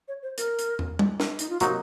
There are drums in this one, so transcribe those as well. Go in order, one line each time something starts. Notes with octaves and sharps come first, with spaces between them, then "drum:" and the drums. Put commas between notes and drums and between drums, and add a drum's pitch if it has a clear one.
C#5
C5
A#4, drum: hi-hat
drum: hi-hat
drum: tom
drum: tom
drum: snare
D#4, drum: hi-hat
F4
C3 F#3 A#3 D#4 F#4, drum: hi-hat